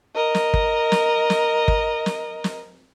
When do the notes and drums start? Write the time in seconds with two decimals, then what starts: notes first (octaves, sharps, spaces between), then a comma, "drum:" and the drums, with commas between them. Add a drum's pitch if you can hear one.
0.15 A#4 D#5
0.35 drum: snare
0.54 drum: kick
0.92 drum: snare
1.30 drum: snare
1.68 drum: kick
2.06 drum: snare
2.44 drum: snare